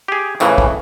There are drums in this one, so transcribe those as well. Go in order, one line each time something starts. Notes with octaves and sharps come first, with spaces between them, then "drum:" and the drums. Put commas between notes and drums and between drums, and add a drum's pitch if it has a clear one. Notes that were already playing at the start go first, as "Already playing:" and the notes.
G4 G#4
F2 A2 C#3 E3, drum: tambourine
drum: kick